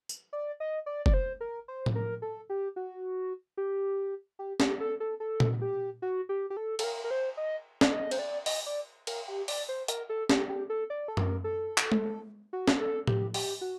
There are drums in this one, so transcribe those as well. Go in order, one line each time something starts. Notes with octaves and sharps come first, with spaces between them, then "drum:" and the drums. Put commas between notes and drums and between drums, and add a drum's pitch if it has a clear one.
drum: tambourine
D5
D#5
D5
D5, drum: kick F1
C5
A#4
C5
drum: tom A2
A#4
A4
G4
F#4
G4
G4
G4, drum: snare
A4
A4
A4
drum: tom A#2
G4
F#4
G4
G4
A4
A4, drum: cymbal
A#4
A#4
C5
D#5
D5, drum: snare
D#5
C5, drum: cymbal
D5
D#5, drum: open hi-hat
D5
A#4, drum: cymbal
G4
D5, drum: open hi-hat
C5
A#4, drum: hi-hat
A4
G4, drum: snare
G4
A4
D5
A4
A#4, drum: tom F#2
A4
drum: clap
drum: tom G#3
F#4
drum: snare
A4
G4, drum: tom A2
G4, drum: open hi-hat
F#4